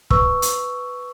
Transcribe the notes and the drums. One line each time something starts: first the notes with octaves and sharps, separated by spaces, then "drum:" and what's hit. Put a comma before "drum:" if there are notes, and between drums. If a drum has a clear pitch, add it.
B4 C#6 E6, drum: kick
drum: hi-hat